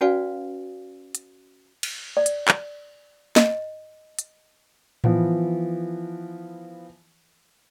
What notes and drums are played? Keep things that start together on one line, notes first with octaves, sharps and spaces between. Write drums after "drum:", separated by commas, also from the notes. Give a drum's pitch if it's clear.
C#4 F#4 B4 D5 F5 G#5
drum: hi-hat
drum: cymbal
D5
drum: hi-hat
drum: clap
D#5, drum: snare
drum: hi-hat
E3 F3 B3, drum: tom A2